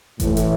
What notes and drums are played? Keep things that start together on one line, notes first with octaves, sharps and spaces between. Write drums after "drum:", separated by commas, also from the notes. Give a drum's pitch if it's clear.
A2 E3 A3, drum: kick G1, hi-hat
drum: hi-hat